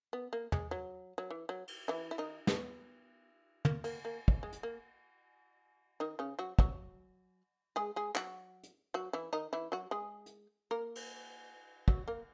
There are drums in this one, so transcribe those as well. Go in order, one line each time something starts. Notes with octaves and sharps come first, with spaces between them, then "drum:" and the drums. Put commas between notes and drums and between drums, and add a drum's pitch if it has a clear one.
B3
A#3
G#3, drum: tom
F#3
F#3
E3
F#3
drum: cymbal
E3 E4
E4
D#3 D#4
B3, drum: snare
A#3, drum: tom
A#3, drum: cymbal
A#3
drum: kick
G#3
drum: hi-hat
A#3
D#3 D#4
C#3 C#4
F#3 F#4
F#3 F#4, drum: kick
G#3 G#4
G#3 G#4
F#3 F#4, drum: clap
drum: hi-hat
F#3 F#4
E3 E4
D#3 D#4
E3 E4
F#3 F#4
G#3 G#4
drum: hi-hat
A#3 A#4
drum: cymbal
F#3 F#4, drum: kick
A#3 A#4